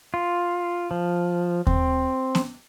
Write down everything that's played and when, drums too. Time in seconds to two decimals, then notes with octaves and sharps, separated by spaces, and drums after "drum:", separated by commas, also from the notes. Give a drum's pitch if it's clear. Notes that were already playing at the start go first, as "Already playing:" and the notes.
0.14 F4
0.91 F3
1.67 C4, drum: kick D#2
2.35 drum: snare B3